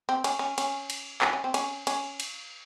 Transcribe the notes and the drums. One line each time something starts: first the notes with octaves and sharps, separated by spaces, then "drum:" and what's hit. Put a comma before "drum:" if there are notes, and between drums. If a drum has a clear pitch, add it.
C4
C#4, drum: cymbal
C#4
C#4, drum: cymbal
drum: cymbal
C#4, drum: clap
C#4
C4
C#4, drum: cymbal
C#4, drum: cymbal
drum: cymbal